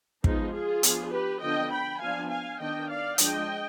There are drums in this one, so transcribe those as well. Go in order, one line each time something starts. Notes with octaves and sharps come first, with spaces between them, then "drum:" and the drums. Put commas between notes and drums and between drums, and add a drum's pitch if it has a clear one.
F3 G#3 B3 D#4, drum: kick
F4 G#4
F3 B3 D4, drum: hi-hat
G4 B4
D3 F3 B3 D4 D#5 G5
G5 B5
F3 B3 D4 F5 G#5
F5 G#5
D#3 B3 D4 D#5 G5
D5 F5
F3 G#3 D4 D#5 G5, drum: hi-hat